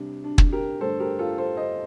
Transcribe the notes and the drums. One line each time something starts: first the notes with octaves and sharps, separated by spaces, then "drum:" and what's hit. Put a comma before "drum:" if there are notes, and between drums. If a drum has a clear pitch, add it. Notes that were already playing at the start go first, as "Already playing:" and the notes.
Already playing: C3 G3 D4
D4
drum: kick
G4 A#4
G2 D3 A3 A4 C5
G4 A#4
F4 A4
A4 C5
C5 D#5